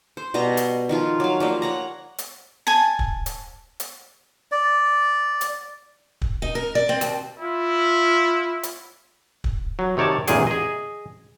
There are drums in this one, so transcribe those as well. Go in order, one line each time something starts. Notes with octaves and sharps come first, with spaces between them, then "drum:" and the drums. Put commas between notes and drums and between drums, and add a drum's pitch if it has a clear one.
C5
B2 G3 D#5 A#5
drum: hi-hat
D#3 F3 F4
F#3 F5
F3 G3 A#3
C#5 F#5 A#5
drum: hi-hat
G#5 A5
drum: kick
drum: hi-hat
drum: hi-hat
D5
drum: hi-hat
drum: kick
D#4
A#4
D5
C4
D#2, drum: hi-hat
E4 F4
drum: hi-hat
drum: kick
F#3
C3 D#3 C#5 D5 A5
A1 E2 A#2 D#3 G#4 G5, drum: hi-hat
G#4 D#5